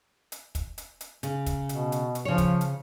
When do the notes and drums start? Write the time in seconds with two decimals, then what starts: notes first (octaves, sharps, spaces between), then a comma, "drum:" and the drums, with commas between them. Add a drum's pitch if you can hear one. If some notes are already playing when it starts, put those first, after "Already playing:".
0.32 drum: hi-hat
0.55 drum: kick, hi-hat
0.78 drum: hi-hat
1.01 drum: hi-hat
1.23 C#3, drum: hi-hat
1.46 drum: kick, hi-hat
1.69 B2, drum: hi-hat
1.92 drum: hi-hat
2.15 drum: hi-hat
2.25 C#3 F3 C#5
2.38 drum: kick, hi-hat
2.61 drum: hi-hat